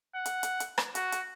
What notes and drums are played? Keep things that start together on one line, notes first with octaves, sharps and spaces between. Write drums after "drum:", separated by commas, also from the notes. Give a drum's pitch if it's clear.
F#5
drum: hi-hat
drum: hi-hat
drum: hi-hat
drum: rim click
F#4, drum: hi-hat
drum: hi-hat